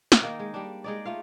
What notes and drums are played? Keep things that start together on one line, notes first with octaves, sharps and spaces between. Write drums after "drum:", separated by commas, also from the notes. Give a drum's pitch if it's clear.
drum: snare
D#3 A#3 D#4
G#3
G3 D4
G#3 D#4 D5
A3 F4 F5